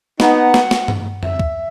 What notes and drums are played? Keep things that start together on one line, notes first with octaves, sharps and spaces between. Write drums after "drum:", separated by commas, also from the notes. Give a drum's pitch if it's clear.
B3 D#4 F#5, drum: snare
drum: snare
drum: snare
drum: tom G2
E5, drum: tom F2
drum: kick